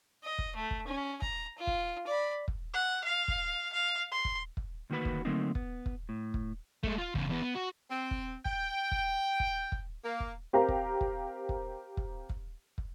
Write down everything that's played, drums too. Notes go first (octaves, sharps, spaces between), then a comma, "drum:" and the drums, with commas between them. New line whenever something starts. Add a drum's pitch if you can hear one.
D#5
drum: kick
A3
drum: kick
C#4
A#5, drum: kick
F4
drum: kick
D5 B5
drum: kick
F#5
F5
drum: kick
F5
C6
drum: kick
drum: kick
D2 D#3 A#3 F#4 B4 B5
drum: kick
D3 F#3 A3 A#3 C4 D#4
B3, drum: kick
drum: kick
A2
drum: kick
G#3 A3, drum: kick
F4
E2 C#3, drum: kick
E2 B3
B3
F#4
C4
drum: kick
G5, drum: kick
drum: kick
drum: kick
drum: kick
A#3
drum: kick
C4 G4 A#4 F5 A#5
drum: kick
drum: kick
drum: kick
drum: kick
drum: kick
drum: kick